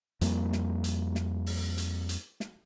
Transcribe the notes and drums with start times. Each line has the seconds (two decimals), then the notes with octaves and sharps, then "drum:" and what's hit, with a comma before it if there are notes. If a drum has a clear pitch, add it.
0.21 F2 G3 A#3, drum: hi-hat
0.53 drum: snare
0.84 drum: hi-hat
1.15 drum: snare
1.46 drum: open hi-hat
1.78 drum: hi-hat
2.09 drum: hi-hat
2.40 drum: snare